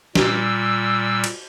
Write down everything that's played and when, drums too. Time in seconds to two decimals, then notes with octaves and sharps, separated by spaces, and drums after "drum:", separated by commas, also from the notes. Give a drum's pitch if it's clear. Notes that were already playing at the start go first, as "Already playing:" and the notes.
0.15 A#2 G3 E6, drum: snare
1.24 drum: cymbal